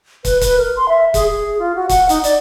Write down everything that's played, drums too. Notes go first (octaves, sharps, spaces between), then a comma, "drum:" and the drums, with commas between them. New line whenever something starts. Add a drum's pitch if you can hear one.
B4, drum: kick, hi-hat
B4, drum: kick, hi-hat
A#4
C6
E5
G#4, drum: kick, hi-hat
G#4
F4
F#4
F#5, drum: kick, hi-hat
D#4, drum: hi-hat
D5, drum: hi-hat